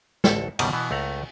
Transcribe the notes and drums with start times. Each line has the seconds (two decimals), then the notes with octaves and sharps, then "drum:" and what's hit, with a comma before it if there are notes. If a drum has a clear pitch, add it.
0.24 A1 D2 A4, drum: snare G#3
0.59 C#2 F#2 B2 D#3 G3, drum: cymbal
0.73 B2 E3 B3
0.91 C#2 A3 F#5 A#5